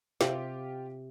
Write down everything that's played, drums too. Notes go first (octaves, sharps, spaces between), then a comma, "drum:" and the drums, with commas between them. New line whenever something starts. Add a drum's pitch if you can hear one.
C3 F4 G4, drum: snare